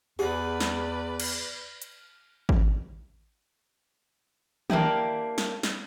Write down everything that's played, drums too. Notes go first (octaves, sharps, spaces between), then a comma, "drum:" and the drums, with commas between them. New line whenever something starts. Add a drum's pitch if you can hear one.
E2 G4 G#4 B4 D5 F#5
drum: snare
drum: cymbal
drum: hi-hat
drum: kick G#1
A#3 D4 E4 G4, drum: tom D#3
drum: snare
drum: snare